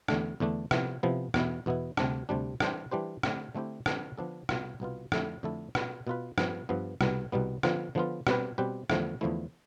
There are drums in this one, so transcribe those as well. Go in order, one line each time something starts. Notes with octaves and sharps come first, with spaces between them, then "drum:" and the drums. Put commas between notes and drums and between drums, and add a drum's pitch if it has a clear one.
E2 D3 A3 D4, drum: rim click
E2 D3 A3 D4
C3 F3 B3 E4, drum: rim click
C3 F3 B3 E4
E2 B2 B3 E4, drum: rim click
E2 B2 B3 E4
D2 C3 G3 D4, drum: rim click
D2 C3 G3 D4
E3 G3 D4 G4 C5, drum: rim click
E3 G3 D4 G4 C5
D3 A3 C4 E4 G4, drum: rim click
D3 A3 C4 E4 G4
D3 F3 B3 D4 A4, drum: rim click
D3 F3 B3 D4 A4
C2 B2 B3 F4, drum: rim click
C2 B2 B3 F4
F2 D3 A3 E4 A4, drum: rim click
F2 D3 A3 E4 A4
B2 B3 F4 B4, drum: rim click
B2 B3 F4 B4
G2 F3 B3, drum: rim click
G2 F3 B3
C2 B2 G3 B3, drum: rim click
C2 B2 G3 B3
D3 F3 B3 F4, drum: rim click
D3 F3 B3 F4
B2 G3 C4 G4 B4, drum: rim click
B2 G3 C4 G4 B4
E2 D3 F3 A3 E4, drum: rim click
E2 D3 F3 A3 E4